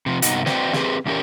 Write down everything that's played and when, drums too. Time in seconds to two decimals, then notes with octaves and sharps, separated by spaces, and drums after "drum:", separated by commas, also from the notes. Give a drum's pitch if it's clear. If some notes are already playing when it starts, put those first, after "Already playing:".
0.06 C3 F3
0.22 G2 C3 B3 D#4 F#4, drum: hi-hat
0.46 C4 F#4 B4 C5 D5 G5, drum: snare
0.73 C4 G4 G#4 B4 C5, drum: snare
1.06 E2 E3 C#4 G4 A#4 C#5